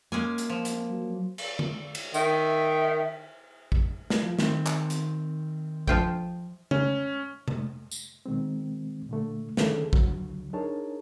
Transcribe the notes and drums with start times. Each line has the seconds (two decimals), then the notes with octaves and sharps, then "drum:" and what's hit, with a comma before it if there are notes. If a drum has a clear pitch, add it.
0.12 G#3 A#3 C#4 G#5
0.38 drum: hi-hat
0.49 F3
0.65 drum: hi-hat
0.90 F#3
1.38 drum: cymbal
1.59 drum: tom
1.95 drum: cymbal
2.14 D#3 E5, drum: tambourine
3.72 drum: kick A#1
4.10 drum: snare
4.23 F3
4.39 D#3 C4, drum: snare
4.67 drum: clap
4.90 drum: hi-hat
5.88 F3 F4 G5, drum: kick A#1
6.71 C#4, drum: tom C#3
7.48 drum: tom C3
7.91 drum: tambourine
8.26 B2 D#3 G#3 C4
9.09 A#2 D3 A3
9.57 D3 D#3 C#4 G#4 A4, drum: snare
9.93 C#2 D3 F#3, drum: kick A#1
10.53 D4 D#4 G#4 A#4 C#5 A5